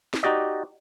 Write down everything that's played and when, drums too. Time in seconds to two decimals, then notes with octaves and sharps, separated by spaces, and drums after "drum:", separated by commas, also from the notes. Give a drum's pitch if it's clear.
0.14 drum: snare
0.23 D#4 F#4 G4 D5 D#5